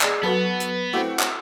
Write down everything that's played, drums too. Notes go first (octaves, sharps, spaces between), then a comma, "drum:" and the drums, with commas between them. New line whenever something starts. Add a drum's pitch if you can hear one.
G#3 D4, drum: clap
F#3 B3 F#4 A4 B4 A5 B5
drum: hi-hat
A3 C4 E4 F#4 G4
drum: clap